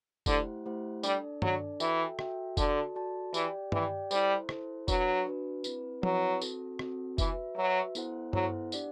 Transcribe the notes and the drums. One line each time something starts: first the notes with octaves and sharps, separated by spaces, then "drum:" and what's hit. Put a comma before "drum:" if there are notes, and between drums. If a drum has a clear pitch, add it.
D3 A3 E4 G4 C5 F#5, drum: kick F1, tambourine
A3 E4 G4 C5 F#5
G3 D4 A4 D5, drum: tambourine
F#3 D4 A4 D5, drum: tom G2
E3 F#4 A4 E5 G5, drum: tambourine
F#4 A4 E5 G5, drum: rim click
D3 F#4 A4 D5 A5, drum: kick F1, tambourine
F#4 A4 D5 A5
E3 G4 D5 G5, drum: tambourine
E3 G4 D5 G5, drum: tom G2
G3 E4 A4 C5, drum: tambourine
E4 A4 C5, drum: rim click
F#3 D4 F#4 B4, drum: kick F1, tambourine
D4 F#4 B4
C4 E4 B4, drum: tambourine
F#3 C4 E4 B4, drum: tom F3
C4 F#4 A4, drum: tambourine
C4 F#4 A4, drum: rim click
E3 F#4 B4 E5, drum: kick F1, tambourine
F#3 F#4 B4 E5
B3 E4 A4 C5 F#5, drum: tambourine
F#3 B3 E4 A4 C5 F#5, drum: tom G2
D4 G4 D5 F#5, drum: tambourine